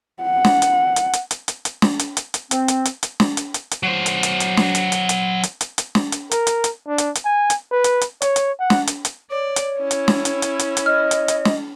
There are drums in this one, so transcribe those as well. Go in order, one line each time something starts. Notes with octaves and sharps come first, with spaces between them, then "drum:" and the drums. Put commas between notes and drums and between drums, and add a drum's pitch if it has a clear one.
F#5
drum: snare
drum: hi-hat
drum: hi-hat
drum: hi-hat
drum: hi-hat
drum: hi-hat
drum: hi-hat
drum: snare
drum: hi-hat
drum: hi-hat
drum: hi-hat
C4, drum: hi-hat
drum: hi-hat
drum: hi-hat
drum: hi-hat
drum: snare
drum: hi-hat
drum: hi-hat
drum: hi-hat
F#3 C5
drum: hi-hat
drum: hi-hat
drum: hi-hat
drum: snare
drum: hi-hat
drum: hi-hat
drum: hi-hat
drum: hi-hat
drum: hi-hat
drum: hi-hat
drum: snare
drum: hi-hat
A#4, drum: hi-hat
drum: hi-hat
drum: hi-hat
D4
drum: hi-hat
drum: hi-hat
G#5
drum: hi-hat
B4
drum: hi-hat
drum: hi-hat
C#5, drum: hi-hat
drum: hi-hat
F#5
drum: snare
drum: hi-hat
drum: hi-hat
C#5 D5
drum: hi-hat
C#4 E4
drum: hi-hat
drum: snare
drum: hi-hat
drum: hi-hat
drum: hi-hat
drum: hi-hat
D#5 F6
drum: hi-hat
drum: hi-hat
drum: snare